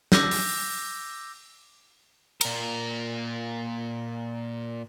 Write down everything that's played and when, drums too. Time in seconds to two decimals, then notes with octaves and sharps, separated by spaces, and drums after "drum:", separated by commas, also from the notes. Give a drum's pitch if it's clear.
0.12 D6 E6 G6 A#6, drum: snare
0.31 drum: open hi-hat
2.41 A#2 A#4, drum: cymbal